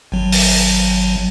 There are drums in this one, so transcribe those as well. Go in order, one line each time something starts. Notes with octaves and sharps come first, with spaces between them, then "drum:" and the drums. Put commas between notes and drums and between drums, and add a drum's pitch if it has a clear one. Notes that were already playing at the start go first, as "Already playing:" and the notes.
G#1 F#3
drum: open hi-hat